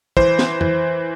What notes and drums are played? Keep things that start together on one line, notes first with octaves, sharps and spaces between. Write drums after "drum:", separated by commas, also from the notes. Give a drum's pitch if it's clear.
E3 C5, drum: kick
drum: snare
E3, drum: tom F2